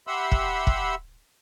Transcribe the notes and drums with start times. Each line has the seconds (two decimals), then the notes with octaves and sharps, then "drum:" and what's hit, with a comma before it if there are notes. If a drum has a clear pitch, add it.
0.07 G4 E5 F#5 B5 C6 E6
0.32 drum: kick
0.67 drum: kick